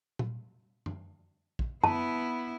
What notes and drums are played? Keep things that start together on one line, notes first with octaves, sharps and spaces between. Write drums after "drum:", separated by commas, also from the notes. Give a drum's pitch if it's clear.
drum: tom
drum: tom F#2
drum: kick
B3 E4 A5, drum: tom F#2